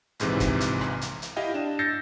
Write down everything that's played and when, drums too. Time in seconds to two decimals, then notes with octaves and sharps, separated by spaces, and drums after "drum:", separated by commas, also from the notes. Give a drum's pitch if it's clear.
0.20 A#1 G#2 C3 E3, drum: hi-hat
0.40 drum: kick, hi-hat
0.60 drum: hi-hat
0.81 drum: rim click
1.01 drum: hi-hat
1.22 drum: hi-hat
1.36 E4 G4 D#5 F5 G5
1.54 D4 E7
1.79 E6 G6 A6 A#6 C7 C#7